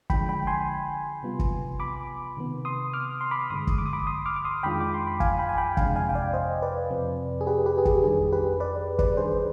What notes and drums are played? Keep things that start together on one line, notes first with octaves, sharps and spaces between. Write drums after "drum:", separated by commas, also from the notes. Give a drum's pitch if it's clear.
D3 F3 G#3 D4 G5 B5, drum: kick
G5 B5
G#5 C6
C3 G3 B3 F4
drum: kick
B5 D6
C3 D#3 B3
C6 D#6
D6 F6
C6
B5 D6
G2 D3 G#3 C6 D#6
drum: kick
D6
D#6
B5 D6
C6 D#6
D6 F6
D6
C6 D#6
F2 D#3 G#3 D4 F4 G5 B5
D6
C6
B5
F5 G#5, drum: kick
G5 B5
G#5
G5 B5
F2 C3 F3 G#3 D4 F5 G#5, drum: kick
F5 G#5
G5
D5 F5
C5 D#5
B4 D5
F2 C3 F3 C4
G#4
G4 B4
G4 B4
G#4
G4, drum: kick
F2 D#3 G3 D4 G#4
G4 B4
B4 D5
B4 D5, drum: kick
D#3 G3 D4 G#4 C5